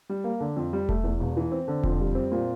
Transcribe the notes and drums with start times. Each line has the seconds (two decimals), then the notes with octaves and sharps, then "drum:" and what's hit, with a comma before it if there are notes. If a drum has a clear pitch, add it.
0.09 G3
0.24 A#3
0.40 D3
0.56 F2
0.73 G3
0.89 A3, drum: kick E1
1.04 E2
1.20 E1
1.37 E3
1.52 C4
1.68 D3
1.83 F2, drum: kick E1
2.00 G3
2.15 C4
2.32 A#2